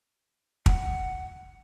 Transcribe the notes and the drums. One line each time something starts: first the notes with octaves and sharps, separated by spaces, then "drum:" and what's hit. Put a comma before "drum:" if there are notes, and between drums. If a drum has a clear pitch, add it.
F#5, drum: kick